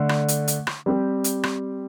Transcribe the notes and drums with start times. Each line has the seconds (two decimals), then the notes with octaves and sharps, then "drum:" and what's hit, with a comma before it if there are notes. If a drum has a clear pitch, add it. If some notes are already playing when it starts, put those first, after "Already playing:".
Already playing: D3 A3 D4
0.09 drum: rim click
0.28 drum: hi-hat
0.48 drum: hi-hat
0.67 drum: rim click
0.86 G3 C4 G4
1.24 drum: hi-hat
1.43 drum: rim click